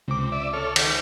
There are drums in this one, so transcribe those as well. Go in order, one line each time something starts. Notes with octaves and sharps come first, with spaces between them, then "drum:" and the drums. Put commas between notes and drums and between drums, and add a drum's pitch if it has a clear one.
C#2 C3 D6
D5 E5
A4 C#5 F6
D#3, drum: cymbal